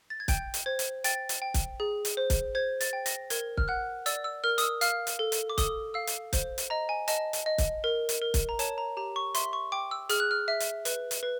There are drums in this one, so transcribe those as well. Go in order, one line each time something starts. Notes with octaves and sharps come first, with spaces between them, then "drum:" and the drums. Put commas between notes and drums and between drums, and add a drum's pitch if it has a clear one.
A6
G#6
G5 G6, drum: kick, hi-hat
drum: hi-hat
C5 G#6
drum: hi-hat
G5 A6, drum: hi-hat
drum: hi-hat
G5
drum: kick, hi-hat
G#4
drum: hi-hat
C5
drum: kick, hi-hat
C5 G#6
A6, drum: hi-hat
G5
A#6, drum: hi-hat
A#4 G#6, drum: hi-hat
F6, drum: kick
F#5 F#6
D5 E6, drum: hi-hat
E6
A#4 F6
D#6, drum: hi-hat
E6
F5 F6, drum: hi-hat
drum: hi-hat
A4
drum: hi-hat
D6
A4 D#6, drum: kick, hi-hat
F5 E6
drum: hi-hat
C5, drum: kick, hi-hat
drum: hi-hat
D#5 A#5
G#5
D#5 A5, drum: hi-hat
drum: hi-hat
D#5
drum: kick, hi-hat
A#4
drum: hi-hat
A#4
drum: kick, hi-hat
A#5
C#5 A5, drum: hi-hat
A#5
G4 A#5
C#6
E5 C6, drum: hi-hat
C#6
G5 D6
E6
G#4 F6, drum: hi-hat
F#6
F6
E5
drum: hi-hat
B4, drum: hi-hat
drum: hi-hat
B4